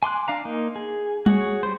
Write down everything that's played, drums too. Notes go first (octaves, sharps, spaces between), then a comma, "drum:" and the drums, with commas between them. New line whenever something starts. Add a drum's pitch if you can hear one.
G#5 C6 D6 F#6
D4 F5 A#5
A#3 D#4
G#4
F#4 G#4 C#5, drum: tom G3
G3 C5